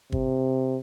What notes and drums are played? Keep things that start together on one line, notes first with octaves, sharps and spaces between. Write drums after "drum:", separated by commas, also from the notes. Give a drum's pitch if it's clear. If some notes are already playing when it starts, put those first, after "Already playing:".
C3, drum: kick G1